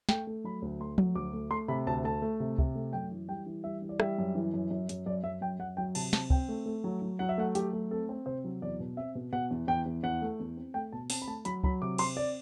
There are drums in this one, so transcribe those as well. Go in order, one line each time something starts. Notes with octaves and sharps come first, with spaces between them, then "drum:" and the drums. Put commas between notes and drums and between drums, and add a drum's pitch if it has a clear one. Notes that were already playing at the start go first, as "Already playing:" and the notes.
A3 G5, drum: snare
A3
F#3 B5
D2
A3 C6
F#3, drum: tom F3
D2 D6
A3
A3 C6
C3 B5
D2 A5
A3 A5
A3
C3
C3, drum: kick C#2
A3
F#2 G5
E3
G3 G5
E3
G3 E5
E3
D5
G3 E5, drum: rim click
F#2
E3
F#2
F#2
F#2, drum: hi-hat
F#2 D5
F#2 E5
F#2 G5
F#2 F#5
F#3 G5
C3 A5, drum: cymbal
C4 A5, drum: snare
C4 G5, drum: kick C#2
A3
A3
F#3
F#3
F#3 F#5
E5
A3 F#5
F#3 G4, drum: hi-hat
A3
C4 A4
C4
C3 C5
F#3
E2 D5
B2
C4 E5
B2
B2 F#5
E2
E2 G5
E2
E2 F#5
A3
E2
C4
A3 G5
B2 A5
C4 A5, drum: open hi-hat
B5
A3 A5
F#3 B5, drum: hi-hat
F#3 B5, drum: kick C#2
C3 D6
C4 C6, drum: cymbal
D5